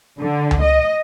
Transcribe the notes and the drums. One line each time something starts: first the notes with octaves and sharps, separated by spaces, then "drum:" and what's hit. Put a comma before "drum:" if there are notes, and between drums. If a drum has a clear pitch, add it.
D3
drum: tom C#2
D#5